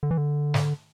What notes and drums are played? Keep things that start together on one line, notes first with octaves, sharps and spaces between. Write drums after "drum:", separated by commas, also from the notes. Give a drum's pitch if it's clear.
D3
E3
D3
drum: snare